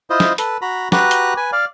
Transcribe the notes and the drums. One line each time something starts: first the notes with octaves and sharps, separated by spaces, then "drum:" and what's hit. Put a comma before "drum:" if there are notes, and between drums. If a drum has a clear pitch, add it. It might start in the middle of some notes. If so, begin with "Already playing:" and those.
E4 F4 C5 D#5
drum: snare
A4 B4, drum: hi-hat
F#4 A#5 B5
F#4 G4 B4 A#5 F#6, drum: snare
drum: hi-hat
B4 G#5
D5 F5